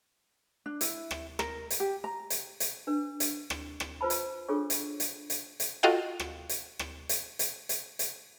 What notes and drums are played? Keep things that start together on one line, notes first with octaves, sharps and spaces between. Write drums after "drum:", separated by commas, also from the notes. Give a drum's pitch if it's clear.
D4
E4, drum: hi-hat
drum: rim click
A#4, drum: rim click
drum: hi-hat
G4
A#5
drum: hi-hat
drum: hi-hat
D4 B4
drum: hi-hat
drum: rim click
drum: rim click
F4 B4 C5 A5 B5
drum: hi-hat
D4 F4 G#4 A4 C#5 C#6
drum: hi-hat
drum: hi-hat
drum: hi-hat
drum: hi-hat
F4 F#4 A4 D#5 F5 G5
drum: rim click
drum: hi-hat
drum: rim click
drum: hi-hat
drum: hi-hat
drum: hi-hat
drum: hi-hat